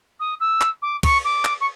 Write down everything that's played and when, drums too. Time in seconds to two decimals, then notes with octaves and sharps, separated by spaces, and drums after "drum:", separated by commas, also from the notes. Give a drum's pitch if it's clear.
0.20 D#6
0.40 E6
0.61 drum: clap
0.82 D6
1.03 C#6, drum: kick, cymbal
1.24 D6
1.45 drum: clap
1.61 C#6